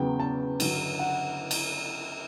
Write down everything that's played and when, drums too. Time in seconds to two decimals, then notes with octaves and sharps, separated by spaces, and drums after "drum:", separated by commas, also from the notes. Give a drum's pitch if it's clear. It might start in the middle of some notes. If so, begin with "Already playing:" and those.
Already playing: E2 C#3 F#3 G5
0.20 A5
0.60 G2 D3 F#3, drum: cymbal
0.99 F#5
1.51 drum: cymbal